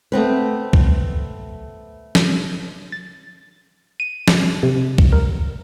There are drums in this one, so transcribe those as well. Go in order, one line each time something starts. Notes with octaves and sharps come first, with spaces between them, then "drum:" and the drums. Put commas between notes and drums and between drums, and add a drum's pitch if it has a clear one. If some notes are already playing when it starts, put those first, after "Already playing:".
A3 B3 C4 B4
drum: kick
drum: snare
A6
D#7
drum: snare
C3
drum: kick
A#4